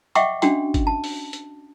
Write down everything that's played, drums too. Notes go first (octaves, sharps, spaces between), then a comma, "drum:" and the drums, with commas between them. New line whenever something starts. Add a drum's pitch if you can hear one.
D#5 E5 F#5 G5 C#6 D6, drum: hi-hat
C#4 D4 F#4 G5, drum: hi-hat
drum: kick G1, hi-hat
A5
drum: open hi-hat
drum: hi-hat